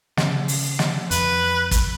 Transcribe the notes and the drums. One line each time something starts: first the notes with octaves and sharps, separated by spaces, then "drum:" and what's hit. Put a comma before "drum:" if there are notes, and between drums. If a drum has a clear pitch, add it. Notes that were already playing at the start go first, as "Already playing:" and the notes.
C#3, drum: snare
drum: open hi-hat
drum: snare
F2 B4, drum: hi-hat
drum: kick, hi-hat